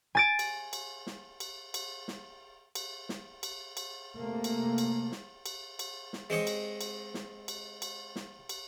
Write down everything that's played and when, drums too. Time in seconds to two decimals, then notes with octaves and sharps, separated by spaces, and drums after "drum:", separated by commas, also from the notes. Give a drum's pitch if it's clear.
0.15 G#5 A6 D7
0.39 drum: cymbal
0.73 drum: cymbal
1.07 drum: snare
1.40 drum: cymbal
1.74 drum: cymbal
2.08 drum: snare
2.75 drum: cymbal
3.09 drum: snare
3.43 drum: cymbal
3.77 drum: cymbal
4.16 C3 A3 A#3
4.44 drum: cymbal
4.78 drum: cymbal
5.12 drum: snare
5.46 drum: cymbal
5.79 drum: cymbal
6.13 drum: snare
6.30 G#3 C4 C#5 D#5
6.47 drum: cymbal
6.81 drum: cymbal
7.14 drum: snare
7.48 drum: cymbal
7.82 drum: cymbal
8.16 drum: snare
8.49 drum: cymbal